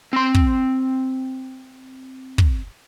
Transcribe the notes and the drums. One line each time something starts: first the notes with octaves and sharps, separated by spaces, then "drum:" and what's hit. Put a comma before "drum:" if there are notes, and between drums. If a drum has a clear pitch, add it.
C4 C6
drum: kick
drum: kick